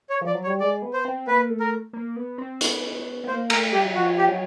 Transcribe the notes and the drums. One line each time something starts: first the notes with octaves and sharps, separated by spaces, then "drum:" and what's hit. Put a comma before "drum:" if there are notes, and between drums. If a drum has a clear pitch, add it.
C#5
F3
D5
F#3
C#5
G3
G#3 D5
B3
C5
C4
A#3 B4
A3
A#4
A#3
B3
C4
B3, drum: hi-hat
B3
A#3 C5
A3 A#4, drum: cymbal
G3 G4
F#3
F3 F#4
G4
F#3